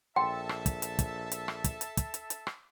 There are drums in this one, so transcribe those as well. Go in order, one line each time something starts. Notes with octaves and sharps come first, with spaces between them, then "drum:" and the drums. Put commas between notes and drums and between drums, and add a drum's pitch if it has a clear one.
A#1 A4 E5 G5 A5 C6
drum: rim click
drum: kick, hi-hat
drum: hi-hat
drum: kick, hi-hat
drum: hi-hat
drum: rim click
drum: kick, hi-hat
drum: hi-hat
drum: kick, hi-hat
drum: hi-hat
drum: hi-hat
drum: rim click